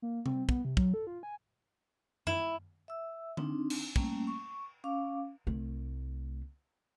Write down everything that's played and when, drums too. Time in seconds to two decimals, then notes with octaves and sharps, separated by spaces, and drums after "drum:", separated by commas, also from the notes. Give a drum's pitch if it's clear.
0.02 A#3
0.26 C4, drum: tom C3
0.49 B3, drum: kick
0.65 C3
0.77 F#3, drum: kick
0.94 A4
1.07 F4
1.23 G#5
2.27 E4, drum: tom F#2
2.88 E5 E6
3.37 C4 D4 D#4, drum: tom D3
3.70 drum: cymbal
3.96 G3 A3 A#3 C#4, drum: kick
4.27 C#6
4.84 C#4 F5 D6
5.47 C2 A3